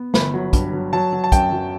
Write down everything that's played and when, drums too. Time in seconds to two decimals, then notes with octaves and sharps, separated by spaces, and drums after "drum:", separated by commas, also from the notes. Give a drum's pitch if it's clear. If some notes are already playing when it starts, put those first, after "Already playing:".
Already playing: B3
0.14 G1 B5, drum: snare
0.34 F#3
0.53 G2, drum: kick, hi-hat
0.73 F#3
0.93 F#3 A5
1.13 F#3
1.24 A5
1.32 F#2 G5, drum: kick, hi-hat
1.52 F#3